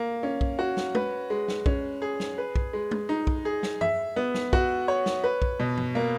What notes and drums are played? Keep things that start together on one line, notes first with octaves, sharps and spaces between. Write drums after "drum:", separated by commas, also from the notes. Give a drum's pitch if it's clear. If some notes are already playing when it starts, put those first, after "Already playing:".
Already playing: A#3
C#4
drum: kick B1
F#4
drum: snare
B4, drum: tom
G#3
drum: snare
C#4, drum: kick B1
G#4
drum: snare
B4
drum: kick B1
G#3
drum: tom
D#4
drum: kick B1
G#4
drum: snare
E5, drum: tom G2
B3
drum: snare
F#4, drum: kick B1
C#5
drum: snare
B4
drum: kick B1
B2
drum: tom G2
A#3